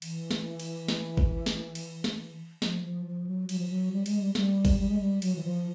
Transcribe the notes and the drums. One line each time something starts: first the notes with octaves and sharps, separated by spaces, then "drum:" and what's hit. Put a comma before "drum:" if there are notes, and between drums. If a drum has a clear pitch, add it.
E3, drum: cymbal
drum: snare
drum: cymbal
drum: snare
drum: kick
drum: snare
drum: cymbal
drum: snare
F3, drum: snare
F3
F3
F#3
F#3, drum: cymbal
F3
F#3
G3
G#3, drum: cymbal
G3
G3, drum: snare
drum: kick, cymbal
G3
G#3
G3
F#3, drum: cymbal
E3
F3